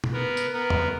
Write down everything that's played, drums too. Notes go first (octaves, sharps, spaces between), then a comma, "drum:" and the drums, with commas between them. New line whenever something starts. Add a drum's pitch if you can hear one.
drum: tom
B3 A#4
drum: tambourine
B3 A#4
drum: tom E2